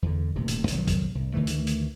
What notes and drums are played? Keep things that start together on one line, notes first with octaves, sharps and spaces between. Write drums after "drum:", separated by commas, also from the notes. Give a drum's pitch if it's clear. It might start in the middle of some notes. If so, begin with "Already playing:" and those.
E2 D3
D#1 A2 C3
drum: hi-hat
B1 D#3 F3 F#3, drum: hi-hat
drum: kick, hi-hat
C2
D2 D#3 E3 A3
drum: hi-hat
drum: hi-hat